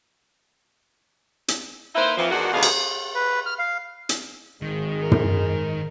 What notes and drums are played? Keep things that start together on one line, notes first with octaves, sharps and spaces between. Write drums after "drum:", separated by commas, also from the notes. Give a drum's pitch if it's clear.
drum: hi-hat
A#3 D#4 E4 B4 C5
F2 E3 F3
E2 D#3 G#3 D4 F#4
D2 B2 D#3 D4 G#4 F5
drum: cymbal
B4
F6
F5
drum: hi-hat
G#1 G#2 D#3 G#3
A#4
drum: tom